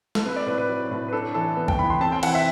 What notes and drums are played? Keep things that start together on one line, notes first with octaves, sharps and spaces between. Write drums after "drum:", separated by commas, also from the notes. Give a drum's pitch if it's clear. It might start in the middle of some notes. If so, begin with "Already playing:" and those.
A4, drum: snare
C4 B4
D5
A2 B4
B4
F#3
A2
B4
D4 A4
E3 A4
B3
G5, drum: kick
E3 B5
C6
C4 A5
G5
E3 F#5, drum: cymbal
E5